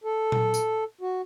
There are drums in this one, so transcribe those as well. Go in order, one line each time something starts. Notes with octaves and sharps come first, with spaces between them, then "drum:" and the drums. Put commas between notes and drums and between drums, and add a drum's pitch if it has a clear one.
A4
drum: tom A#2
drum: tambourine
F#4